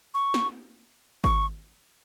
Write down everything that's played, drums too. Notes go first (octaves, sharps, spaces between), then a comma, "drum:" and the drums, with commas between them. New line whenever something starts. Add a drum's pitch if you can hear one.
C#6
drum: snare
C#6, drum: kick G#1